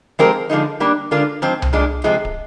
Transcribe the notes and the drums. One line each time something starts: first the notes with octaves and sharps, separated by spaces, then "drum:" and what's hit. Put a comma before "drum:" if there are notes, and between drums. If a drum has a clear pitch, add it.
F3 G#3 C4 G4 A#4
D3 F3 G#3 D#4
G3 A#3 D4
D3 G#3 D4 F4 A#4
G#2 F3 C4
drum: tom C2
A#2 G#3 D4
C3 F3 G#3
drum: kick